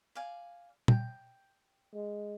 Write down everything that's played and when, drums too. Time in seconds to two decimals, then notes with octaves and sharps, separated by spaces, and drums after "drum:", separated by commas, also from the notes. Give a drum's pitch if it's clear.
0.15 D5 F5 G#5
0.88 G5, drum: tom A#2
1.94 G#3